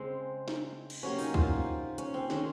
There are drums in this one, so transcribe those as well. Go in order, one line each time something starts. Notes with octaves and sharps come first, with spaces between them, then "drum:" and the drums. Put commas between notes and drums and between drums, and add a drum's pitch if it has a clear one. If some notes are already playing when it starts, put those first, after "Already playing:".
Already playing: C#3 G#3 C4
drum: snare
drum: cymbal
C3 F#3 A#3 C#4
D#4, drum: open hi-hat
F4, drum: kick C2
C#4, drum: hi-hat
C4
D#3 G#3 C#4, drum: snare